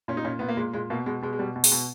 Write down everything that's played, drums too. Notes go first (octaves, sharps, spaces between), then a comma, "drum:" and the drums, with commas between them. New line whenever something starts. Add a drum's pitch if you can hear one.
A#2 C#4
D#4
A#2 C#4
A#2 B3
A#3
A#2 G#3
A#2 G#3
B2 A#3
B2 G#3
B2 G#3
G#3
B2 G3
B2
G#3, drum: open hi-hat
B2